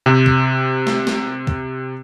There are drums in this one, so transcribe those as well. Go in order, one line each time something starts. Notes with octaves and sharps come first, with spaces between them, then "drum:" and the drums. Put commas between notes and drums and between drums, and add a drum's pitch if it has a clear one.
C3 C4
drum: kick
drum: snare
drum: snare
drum: kick